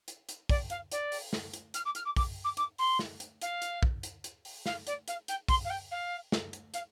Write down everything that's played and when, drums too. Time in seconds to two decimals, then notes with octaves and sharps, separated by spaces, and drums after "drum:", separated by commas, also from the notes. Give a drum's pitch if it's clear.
0.08 drum: hi-hat
0.29 drum: hi-hat
0.49 D5, drum: kick, open hi-hat
0.70 F5, drum: hi-hat
0.92 D5, drum: hi-hat
1.12 drum: open hi-hat
1.33 drum: snare
1.54 drum: hi-hat
1.74 F6, drum: hi-hat
1.85 D6
1.95 F6, drum: hi-hat
2.05 D6
2.16 D6, drum: kick, open hi-hat
2.44 D6
2.57 D6, drum: hi-hat
2.78 C6, drum: open hi-hat
2.99 drum: snare
3.20 drum: hi-hat
3.41 F5, drum: hi-hat
3.62 drum: hi-hat
3.83 drum: kick
4.03 drum: hi-hat
4.24 drum: hi-hat
4.45 drum: open hi-hat
4.66 F5, drum: snare
4.87 D5, drum: hi-hat
5.08 F5, drum: hi-hat
5.28 G5, drum: hi-hat
5.48 C6, drum: kick, open hi-hat
5.64 F5
5.69 G5
5.91 F5
6.32 drum: snare
6.53 drum: hi-hat
6.74 F5, drum: hi-hat